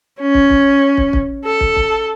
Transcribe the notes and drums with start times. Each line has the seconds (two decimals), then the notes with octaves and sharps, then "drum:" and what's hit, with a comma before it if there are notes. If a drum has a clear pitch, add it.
0.21 C#4
0.34 drum: kick
0.50 drum: kick
0.97 drum: kick
1.13 drum: kick
1.45 A4
1.61 drum: kick
1.76 drum: kick